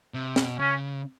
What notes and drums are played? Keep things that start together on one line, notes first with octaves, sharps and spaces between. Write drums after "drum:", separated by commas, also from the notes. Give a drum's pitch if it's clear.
C3
B2, drum: snare
C#3 C#4